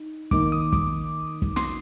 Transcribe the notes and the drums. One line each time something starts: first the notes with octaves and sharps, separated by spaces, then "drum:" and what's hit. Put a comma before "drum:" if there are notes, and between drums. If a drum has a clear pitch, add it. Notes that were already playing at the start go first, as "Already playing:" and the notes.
Already playing: D#4
D#3 A#3 D#4 D6, drum: kick
D#6
D6, drum: kick
drum: kick
C6, drum: snare